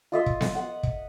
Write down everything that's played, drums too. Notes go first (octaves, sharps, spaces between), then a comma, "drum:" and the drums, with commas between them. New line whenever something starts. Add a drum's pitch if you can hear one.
F4 D#5 E5
drum: kick
drum: snare B3
F#5
drum: kick